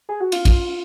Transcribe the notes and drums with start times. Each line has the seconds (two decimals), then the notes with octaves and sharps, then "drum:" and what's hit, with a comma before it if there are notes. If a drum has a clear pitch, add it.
0.09 G#4
0.20 F#4
0.32 F4, drum: cymbal
0.45 drum: kick, cymbal